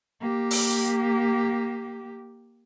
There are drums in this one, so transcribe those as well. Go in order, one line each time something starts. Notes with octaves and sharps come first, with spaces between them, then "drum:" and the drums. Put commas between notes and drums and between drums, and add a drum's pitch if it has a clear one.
A#3 G4
drum: open hi-hat